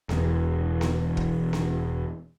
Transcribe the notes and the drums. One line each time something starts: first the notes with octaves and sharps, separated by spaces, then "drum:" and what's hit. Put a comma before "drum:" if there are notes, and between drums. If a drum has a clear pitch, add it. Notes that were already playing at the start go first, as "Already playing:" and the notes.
E1 E2, drum: snare B3
drum: snare B3
drum: kick
drum: snare B3